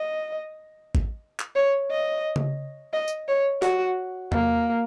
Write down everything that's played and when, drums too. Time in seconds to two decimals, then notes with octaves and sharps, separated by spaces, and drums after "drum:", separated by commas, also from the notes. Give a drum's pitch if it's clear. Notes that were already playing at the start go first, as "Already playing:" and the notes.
Already playing: D#5
0.95 drum: kick G#1
1.40 drum: clap
1.55 C#5
1.91 D#5
2.36 drum: tom C#3
2.93 D#5
3.08 drum: tambourine
3.28 C#5
3.62 F#4, drum: snare
4.32 A#3, drum: tom E2